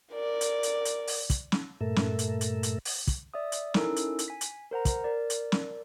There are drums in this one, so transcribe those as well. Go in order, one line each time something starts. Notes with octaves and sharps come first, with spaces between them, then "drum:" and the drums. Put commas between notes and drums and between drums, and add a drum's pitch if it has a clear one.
A#4 D5
drum: hi-hat
drum: hi-hat
drum: hi-hat
drum: open hi-hat
drum: kick, hi-hat
drum: snare
G2 A#2 A3 A4 A#4 E5
drum: snare
drum: hi-hat
drum: hi-hat
drum: hi-hat
drum: open hi-hat
drum: kick, hi-hat
D5 E5 D#6
drum: hi-hat
C#4 D#4 E4 A4 A#4, drum: snare
drum: hi-hat
drum: hi-hat
G#5 B6
drum: hi-hat
A#4 C5 F#5 A#5
drum: kick, hi-hat
A#4 D5
drum: hi-hat
drum: snare